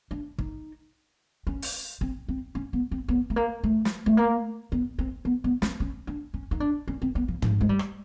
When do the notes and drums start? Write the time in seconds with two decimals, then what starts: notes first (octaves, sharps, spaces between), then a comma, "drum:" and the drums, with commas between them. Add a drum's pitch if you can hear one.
0.11 D4
0.38 D#4, drum: kick
1.47 C#4
1.62 drum: open hi-hat
2.01 C4, drum: kick
2.28 C4
2.55 C#4
2.73 B3
2.91 C4
3.08 B3
3.30 A3
3.36 A#3
3.64 A3
3.85 drum: snare
4.06 A3
4.17 A#3
4.72 B3
4.99 C4
5.25 B3
5.44 B3
5.62 C#4, drum: snare
5.80 C#4
6.07 D4
6.34 C#4
6.51 D#4
6.60 D4
6.88 C#4
7.02 C4
7.15 B3
7.28 F3
7.42 F3, drum: tom
7.61 G#3
7.69 G3
7.79 drum: rim click